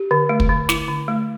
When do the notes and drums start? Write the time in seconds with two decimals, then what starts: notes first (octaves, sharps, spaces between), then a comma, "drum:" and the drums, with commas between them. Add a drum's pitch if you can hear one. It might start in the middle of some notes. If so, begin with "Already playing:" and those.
Already playing: G4
0.11 D3
0.29 A3
0.40 drum: kick
0.49 D3
0.69 E4, drum: snare
0.88 D3
1.08 A3